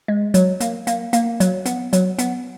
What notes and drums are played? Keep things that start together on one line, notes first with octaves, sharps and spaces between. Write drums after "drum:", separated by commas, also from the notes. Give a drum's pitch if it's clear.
G#3
F#3, drum: hi-hat
A#3, drum: hi-hat
A#3, drum: hi-hat
A#3, drum: hi-hat
F#3, drum: hi-hat
B3, drum: hi-hat
F#3, drum: hi-hat
B3, drum: hi-hat